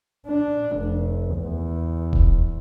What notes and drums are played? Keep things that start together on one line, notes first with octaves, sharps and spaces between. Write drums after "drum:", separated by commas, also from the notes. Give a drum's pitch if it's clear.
D4
F1
E2
drum: kick D#1